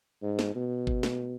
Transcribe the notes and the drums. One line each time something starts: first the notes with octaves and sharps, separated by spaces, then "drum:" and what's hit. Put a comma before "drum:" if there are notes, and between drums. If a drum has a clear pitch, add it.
G#2
drum: snare
B2
drum: kick G1
drum: snare